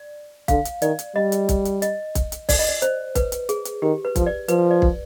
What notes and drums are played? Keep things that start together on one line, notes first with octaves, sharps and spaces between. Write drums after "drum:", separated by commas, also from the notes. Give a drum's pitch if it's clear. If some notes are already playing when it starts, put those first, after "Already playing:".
Already playing: D5
D3 F5, drum: kick, hi-hat
drum: hi-hat
D#3 D5, drum: hi-hat
drum: hi-hat
G3 D#5
drum: hi-hat
drum: kick, hi-hat
drum: hi-hat
D#5, drum: hi-hat
drum: kick, hi-hat
drum: hi-hat
D5, drum: kick, open hi-hat
D#5
D5
C5, drum: hi-hat
B4, drum: kick, hi-hat
drum: hi-hat
G#4, drum: hi-hat
drum: hi-hat
D#3 G4
B4
F3, drum: kick, hi-hat
D5
F3 B4, drum: hi-hat
D5
drum: kick